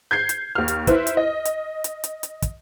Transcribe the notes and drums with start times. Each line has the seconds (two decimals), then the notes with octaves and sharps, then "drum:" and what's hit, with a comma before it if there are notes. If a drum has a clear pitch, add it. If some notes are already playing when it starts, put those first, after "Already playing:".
0.11 G6 G#6 C7
0.29 drum: hi-hat
0.55 D#2 F6
0.68 drum: hi-hat
0.87 E4 B4 C5, drum: kick, hi-hat
1.07 drum: hi-hat
1.17 D#5
1.45 drum: hi-hat
1.84 drum: hi-hat
2.04 drum: hi-hat
2.23 drum: hi-hat
2.42 drum: kick, hi-hat